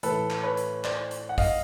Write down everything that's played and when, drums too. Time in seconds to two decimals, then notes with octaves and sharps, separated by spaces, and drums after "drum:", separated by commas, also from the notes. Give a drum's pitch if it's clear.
0.03 A2 E3 A3 A4 B4, drum: hi-hat
0.30 drum: clap
0.43 B4 C#5
0.57 drum: hi-hat
0.84 C5 D5, drum: clap
1.11 drum: hi-hat
1.29 F#5
1.38 D#5 F5, drum: kick, open hi-hat